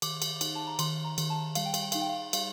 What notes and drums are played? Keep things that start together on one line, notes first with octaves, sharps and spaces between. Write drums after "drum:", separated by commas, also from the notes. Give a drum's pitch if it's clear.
D#3 D6, drum: cymbal
drum: cymbal
D#4, drum: cymbal
A5
A#5
D#3 C6, drum: cymbal
A#5
D#3, drum: cymbal
A5
G3 F5, drum: cymbal
G5
F5, drum: cymbal
G5
D#4 F5, drum: cymbal
G5
F5
G3 F5, drum: cymbal